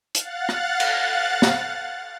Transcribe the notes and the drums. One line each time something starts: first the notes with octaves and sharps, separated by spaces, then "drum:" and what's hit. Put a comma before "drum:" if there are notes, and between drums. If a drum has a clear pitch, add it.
F5 F#5 F#6 A6, drum: hi-hat
drum: rim click
drum: cymbal
drum: snare